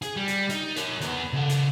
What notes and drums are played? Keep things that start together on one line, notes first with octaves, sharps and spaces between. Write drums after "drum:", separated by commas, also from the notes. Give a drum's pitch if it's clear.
G#4, drum: hi-hat
G3
drum: hi-hat
D#4, drum: hi-hat
A#4 C#5, drum: hi-hat
E2 B3, drum: hi-hat
C#3 A4
drum: hi-hat